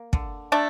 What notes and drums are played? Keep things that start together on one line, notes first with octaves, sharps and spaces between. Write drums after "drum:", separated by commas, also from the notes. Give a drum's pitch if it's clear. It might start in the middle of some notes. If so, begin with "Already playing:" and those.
Already playing: A#3
D3, drum: kick
A3 D4